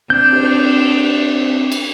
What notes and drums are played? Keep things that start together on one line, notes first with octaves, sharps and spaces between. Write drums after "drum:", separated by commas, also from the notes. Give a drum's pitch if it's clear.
C4 D4 G6
drum: cymbal
drum: cymbal